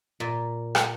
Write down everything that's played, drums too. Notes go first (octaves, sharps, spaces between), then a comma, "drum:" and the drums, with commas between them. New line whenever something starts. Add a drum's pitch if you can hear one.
A#2
drum: rim click